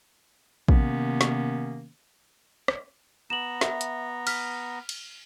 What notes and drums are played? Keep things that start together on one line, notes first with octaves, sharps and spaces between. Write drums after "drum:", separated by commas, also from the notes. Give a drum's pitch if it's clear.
C3 D#3 A#3 B3 C#4, drum: kick A1
drum: snare
drum: rim click
B3 A#5 E7 F#7
E5, drum: snare
drum: hi-hat
F6 B6, drum: cymbal
drum: cymbal